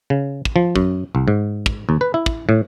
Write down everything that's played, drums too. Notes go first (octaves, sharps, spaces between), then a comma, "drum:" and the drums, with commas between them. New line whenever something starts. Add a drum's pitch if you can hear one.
C#3
drum: kick
F3
F#2, drum: kick
C2
G#2
drum: kick
D#2
B4
E4
drum: kick
A2